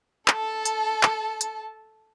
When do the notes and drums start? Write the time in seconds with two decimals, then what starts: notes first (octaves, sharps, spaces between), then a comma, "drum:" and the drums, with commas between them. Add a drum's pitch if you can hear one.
0.28 A4 A5, drum: clap
0.65 drum: hi-hat
1.03 drum: clap
1.41 drum: hi-hat